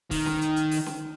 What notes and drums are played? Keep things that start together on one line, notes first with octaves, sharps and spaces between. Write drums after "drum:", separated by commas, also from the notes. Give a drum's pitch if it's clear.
D#3, drum: kick, open hi-hat
drum: snare C#4
drum: hi-hat
drum: hi-hat
drum: open hi-hat
drum: snare C#4